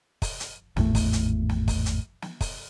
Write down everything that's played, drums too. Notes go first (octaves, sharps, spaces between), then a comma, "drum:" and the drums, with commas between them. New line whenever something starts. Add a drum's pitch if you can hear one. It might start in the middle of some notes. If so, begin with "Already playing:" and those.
drum: kick, open hi-hat
drum: hi-hat
G#1 E2 A2 A3, drum: snare
drum: kick, open hi-hat
drum: hi-hat
drum: snare
drum: kick, open hi-hat
drum: hi-hat
drum: snare
drum: kick, open hi-hat